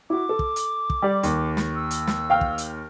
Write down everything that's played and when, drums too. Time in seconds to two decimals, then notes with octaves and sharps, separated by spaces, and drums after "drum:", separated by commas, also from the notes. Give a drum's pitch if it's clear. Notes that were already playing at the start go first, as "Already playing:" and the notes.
0.10 E4 F#4 D6
0.29 A4
0.39 drum: kick
0.56 drum: hi-hat
0.90 drum: kick
1.02 G3 G4 D5
1.23 D#2, drum: hi-hat
1.57 drum: snare
1.75 E6
1.91 drum: hi-hat
2.07 drum: snare
2.30 F5 G5 F6
2.41 drum: kick
2.58 drum: hi-hat